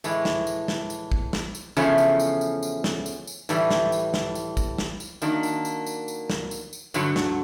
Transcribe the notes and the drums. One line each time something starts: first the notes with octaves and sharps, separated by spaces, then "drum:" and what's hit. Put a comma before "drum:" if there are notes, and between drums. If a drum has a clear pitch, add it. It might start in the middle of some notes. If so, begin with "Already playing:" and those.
A2 E3 G#3, drum: tambourine
drum: snare
drum: tambourine
drum: snare
drum: tambourine
drum: kick
drum: snare
drum: tambourine
E2 C#3 F3 A3 C#4, drum: tambourine
drum: tambourine
drum: tambourine
drum: tambourine
drum: tambourine
drum: snare
drum: tambourine
drum: tambourine
A2 E3 G3, drum: tambourine
drum: snare
drum: tambourine
drum: snare
drum: tambourine
drum: kick, tambourine
drum: snare
drum: tambourine
D#3 F#3 A#3 D4, drum: tambourine
drum: tambourine
drum: tambourine
drum: tambourine
drum: tambourine
drum: snare
drum: tambourine
drum: tambourine
G2 D3 F#3, drum: tambourine
drum: snare